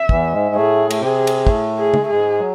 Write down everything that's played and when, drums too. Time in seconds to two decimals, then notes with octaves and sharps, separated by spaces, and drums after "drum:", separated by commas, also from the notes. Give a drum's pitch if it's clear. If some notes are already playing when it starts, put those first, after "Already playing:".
Already playing: E5
0.09 E2 E3, drum: kick
0.32 G#2 G#3
0.55 A2 A3 G#4
0.91 A3, drum: cymbal
1.01 C3 C4 G#4
1.27 drum: cymbal
1.47 A2 A3, drum: kick
1.78 G#4
1.94 G#3, drum: tom
2.02 A3
2.08 G#2 G#3 G#4
2.39 F#3